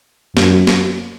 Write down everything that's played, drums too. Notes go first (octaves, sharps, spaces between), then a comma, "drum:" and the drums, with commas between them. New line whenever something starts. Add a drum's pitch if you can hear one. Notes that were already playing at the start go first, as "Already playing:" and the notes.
F#2, drum: snare
drum: snare